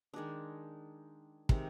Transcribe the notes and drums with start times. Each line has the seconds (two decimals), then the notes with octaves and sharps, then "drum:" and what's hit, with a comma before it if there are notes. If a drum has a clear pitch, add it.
0.14 D#3 G#3 D4
1.49 C3 D#3 G#3 C4, drum: kick